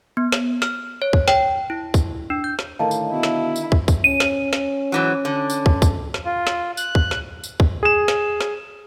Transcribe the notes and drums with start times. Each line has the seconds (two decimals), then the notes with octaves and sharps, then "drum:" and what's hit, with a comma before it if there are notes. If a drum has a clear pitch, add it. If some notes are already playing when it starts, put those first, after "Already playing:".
0.17 B3
0.32 drum: snare
0.62 F6, drum: snare
1.02 C#5
1.13 drum: kick
1.28 G5, drum: snare
1.70 E4
1.94 drum: kick, tambourine
2.30 D4
2.44 G6
2.59 drum: snare
2.79 A2 D3 D#3 D#5 F5 A5
2.91 drum: tambourine
3.13 B2 E4
3.23 drum: snare
3.56 drum: tambourine
3.72 drum: kick
3.88 drum: kick, tambourine
4.04 C#4 D#7
4.20 drum: snare
4.53 drum: snare
4.92 G#2 E3 F#3
5.25 D3
5.50 drum: tambourine
5.66 drum: kick
5.82 drum: kick, tambourine
6.14 drum: snare
6.25 F4
6.47 drum: snare
6.77 F#6, drum: tambourine
6.95 drum: kick
7.11 drum: snare
7.44 drum: tambourine
7.60 drum: kick
7.83 G#4 E7
8.08 drum: snare
8.41 drum: snare